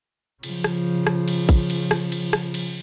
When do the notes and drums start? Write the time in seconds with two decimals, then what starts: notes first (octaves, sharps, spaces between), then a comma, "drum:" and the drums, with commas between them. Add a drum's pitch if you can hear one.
0.43 C#3 F3, drum: cymbal
0.64 drum: rim click
1.07 drum: rim click
1.28 drum: cymbal
1.49 drum: kick, cymbal
1.70 drum: cymbal
1.91 drum: rim click
2.12 drum: cymbal
2.33 drum: rim click
2.54 drum: cymbal